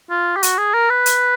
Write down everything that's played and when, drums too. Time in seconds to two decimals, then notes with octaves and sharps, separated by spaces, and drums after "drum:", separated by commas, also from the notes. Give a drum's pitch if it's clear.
0.11 F4
0.36 G4
0.43 F#4, drum: hi-hat
0.58 G#4
0.74 A#4
0.90 B4
1.06 drum: hi-hat